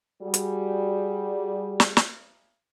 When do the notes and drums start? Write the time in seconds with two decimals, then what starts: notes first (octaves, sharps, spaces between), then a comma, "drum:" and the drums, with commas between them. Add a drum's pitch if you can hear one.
0.22 G3 F#4 G#4
0.34 drum: hi-hat
1.80 drum: snare
1.97 drum: snare